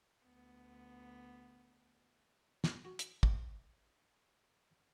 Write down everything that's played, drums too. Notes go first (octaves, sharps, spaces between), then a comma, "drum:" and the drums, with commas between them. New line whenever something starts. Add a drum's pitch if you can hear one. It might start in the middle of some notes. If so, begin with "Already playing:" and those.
D2 B3
drum: snare
F#4
drum: hi-hat
C3, drum: kick